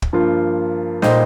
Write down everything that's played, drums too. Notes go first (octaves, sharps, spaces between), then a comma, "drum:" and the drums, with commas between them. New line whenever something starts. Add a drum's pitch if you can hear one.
drum: kick
G2 F3 A#3 F4
A#2 G3 D#4 C5 D#5, drum: snare